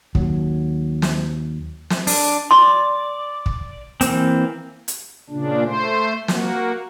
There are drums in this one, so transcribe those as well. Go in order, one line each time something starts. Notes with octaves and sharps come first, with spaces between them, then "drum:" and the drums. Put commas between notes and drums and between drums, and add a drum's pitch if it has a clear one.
D#2 F#3, drum: kick
drum: snare
drum: snare
D4, drum: open hi-hat
D5 C6
drum: kick
E3 A#3 C4, drum: hi-hat
drum: hi-hat
A#2 C#3 D4
A3 C5
A#3 F#4, drum: snare